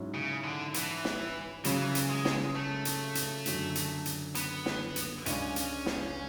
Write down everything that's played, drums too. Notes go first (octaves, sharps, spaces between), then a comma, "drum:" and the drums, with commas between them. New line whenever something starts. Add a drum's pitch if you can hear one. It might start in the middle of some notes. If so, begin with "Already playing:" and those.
Already playing: G#2 F#3 C#4 E4
C#3
D3
E3, drum: hi-hat
drum: snare
C#3 E3 F#3 C#4, drum: hi-hat
drum: hi-hat
G#3
drum: snare
A3
drum: hi-hat
drum: hi-hat
F#2 D3 F#3, drum: hi-hat
drum: hi-hat
drum: hi-hat
B3, drum: hi-hat
drum: snare
drum: hi-hat
C#2 C#3 G#3 C#4 D4, drum: hi-hat
drum: hi-hat
drum: snare